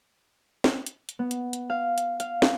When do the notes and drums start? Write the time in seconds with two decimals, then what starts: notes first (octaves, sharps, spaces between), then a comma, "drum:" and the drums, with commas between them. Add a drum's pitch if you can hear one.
0.64 drum: snare
0.86 drum: hi-hat
1.09 drum: hi-hat
1.19 B3
1.31 drum: hi-hat
1.53 drum: hi-hat
1.70 F5
1.98 drum: hi-hat
2.20 F5, drum: hi-hat
2.42 drum: snare